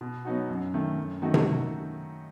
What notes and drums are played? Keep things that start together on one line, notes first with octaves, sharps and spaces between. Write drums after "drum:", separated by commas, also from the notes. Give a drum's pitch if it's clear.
B2
F#3 B3 D#4 F#4
F#2
D#3 A3
F#2
D#3 A3 D#4 F#4
drum: tom C3